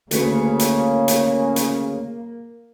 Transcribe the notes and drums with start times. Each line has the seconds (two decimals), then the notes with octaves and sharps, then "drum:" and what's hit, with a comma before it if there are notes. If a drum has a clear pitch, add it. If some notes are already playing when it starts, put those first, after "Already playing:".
0.11 D2 C#3 A#3 B4 C#6, drum: hi-hat
0.59 drum: hi-hat
1.08 drum: hi-hat
1.56 drum: hi-hat